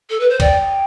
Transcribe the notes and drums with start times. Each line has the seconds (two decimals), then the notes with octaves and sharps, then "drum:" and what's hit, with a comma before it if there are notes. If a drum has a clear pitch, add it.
0.10 A4
0.20 B4
0.30 C5
0.40 D5 G5, drum: kick, cymbal